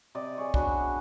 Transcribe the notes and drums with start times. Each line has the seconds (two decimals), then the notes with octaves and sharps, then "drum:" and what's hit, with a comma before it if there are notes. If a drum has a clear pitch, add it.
0.15 C3 D5 D#5
0.38 G#4 C#5
0.54 B3 D4 F#4, drum: kick